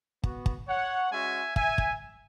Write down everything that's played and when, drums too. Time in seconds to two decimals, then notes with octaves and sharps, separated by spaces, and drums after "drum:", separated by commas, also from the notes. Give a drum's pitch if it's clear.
0.24 B3 F#4, drum: kick
0.46 drum: kick
0.68 C#5 F#5
1.12 G#3 C#4 F#4 E5 G#5
1.56 E5 G#5, drum: kick
1.78 drum: kick